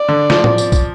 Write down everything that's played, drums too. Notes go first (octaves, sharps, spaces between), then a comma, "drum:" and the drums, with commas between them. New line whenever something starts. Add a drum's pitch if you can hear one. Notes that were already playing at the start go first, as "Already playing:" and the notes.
Already playing: D5
D3
F3, drum: snare
drum: tom A2
drum: tambourine
drum: kick, tambourine